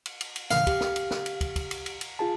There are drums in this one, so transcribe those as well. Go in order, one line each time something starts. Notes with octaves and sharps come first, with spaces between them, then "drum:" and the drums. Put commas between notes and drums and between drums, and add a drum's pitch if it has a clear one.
drum: cymbal
drum: cymbal
drum: cymbal
A2 C#3 E3 F5, drum: snare
G4, drum: kick, cymbal
drum: snare
drum: cymbal
drum: snare
drum: cymbal
drum: kick, cymbal
drum: kick, cymbal
drum: cymbal
drum: cymbal
drum: cymbal
F4 G#4 A5